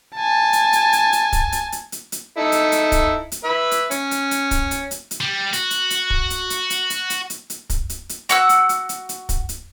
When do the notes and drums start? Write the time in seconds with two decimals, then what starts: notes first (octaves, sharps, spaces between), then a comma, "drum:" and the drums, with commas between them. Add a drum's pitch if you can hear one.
0.16 G#5 A5
0.53 drum: hi-hat
0.73 drum: hi-hat
0.93 drum: hi-hat
1.13 drum: hi-hat
1.33 drum: kick, hi-hat
1.52 drum: hi-hat
1.72 drum: hi-hat
1.92 drum: hi-hat
2.12 drum: hi-hat
2.37 D#4 E4 A4
2.52 drum: hi-hat
2.72 drum: hi-hat
2.92 drum: kick, hi-hat
3.32 drum: hi-hat
3.44 B4 E5
3.71 drum: hi-hat
3.91 C#4, drum: hi-hat
4.11 drum: hi-hat
4.31 drum: hi-hat
4.51 drum: kick, hi-hat
4.71 drum: hi-hat
4.91 drum: hi-hat
5.11 drum: hi-hat
5.21 G3
5.53 F#4, drum: hi-hat
5.71 drum: hi-hat
5.90 drum: hi-hat
6.10 drum: kick
6.30 drum: hi-hat
6.50 drum: hi-hat
6.70 drum: hi-hat
6.90 drum: hi-hat
7.10 drum: hi-hat
7.30 drum: hi-hat
7.50 drum: hi-hat
7.70 drum: kick, hi-hat
7.90 drum: hi-hat
8.09 drum: hi-hat
8.29 F#4 F#5 E6, drum: hi-hat
8.49 drum: hi-hat
8.69 drum: hi-hat
8.89 drum: hi-hat
9.09 drum: hi-hat
9.29 drum: kick, hi-hat
9.49 drum: hi-hat